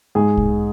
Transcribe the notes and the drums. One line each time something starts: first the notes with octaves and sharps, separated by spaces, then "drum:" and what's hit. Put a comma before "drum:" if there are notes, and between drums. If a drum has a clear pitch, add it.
G#2 G#4
drum: kick